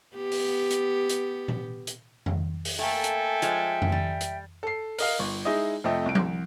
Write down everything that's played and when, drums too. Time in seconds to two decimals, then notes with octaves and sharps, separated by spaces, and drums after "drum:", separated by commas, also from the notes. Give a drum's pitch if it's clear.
0.16 B3 G4
0.32 drum: open hi-hat
0.71 drum: hi-hat
1.09 drum: hi-hat
1.48 drum: tom A#2
1.87 drum: hi-hat
2.26 drum: tom F2
2.65 drum: open hi-hat
2.79 A3 A#3 A4 E5 G5 G#5
3.04 drum: hi-hat
3.42 F3 G#3, drum: hi-hat
3.82 drum: tom F2
3.92 G3
4.21 drum: hi-hat
4.63 A4 C7
4.99 A#4 D#5 F5, drum: open hi-hat
5.19 G1
5.45 G#3 D#4 E4 G#4 D#5
5.84 F2 C3 A3 D#5 G5
6.06 C2 D7
6.15 drum: tom F3